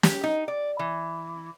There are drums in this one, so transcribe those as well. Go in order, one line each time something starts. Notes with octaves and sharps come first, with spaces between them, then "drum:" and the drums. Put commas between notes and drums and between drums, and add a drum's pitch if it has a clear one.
G4, drum: snare
D#4
D5
E3